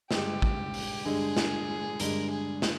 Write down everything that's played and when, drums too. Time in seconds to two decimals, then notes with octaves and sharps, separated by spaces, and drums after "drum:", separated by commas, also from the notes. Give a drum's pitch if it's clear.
0.11 G2 D3 G#3 G4, drum: snare
0.42 drum: kick A1
0.74 drum: open hi-hat
1.05 G2 D3 G#3 G#4
1.37 drum: snare
2.00 G2 D3 G#3 A#4, drum: hi-hat
2.31 G#4
2.62 drum: snare